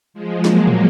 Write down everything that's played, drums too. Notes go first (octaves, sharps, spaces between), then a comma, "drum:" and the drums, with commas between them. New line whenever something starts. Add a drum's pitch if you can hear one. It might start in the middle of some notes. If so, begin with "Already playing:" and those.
F3 G#3
F#3 A#3, drum: snare
drum: tom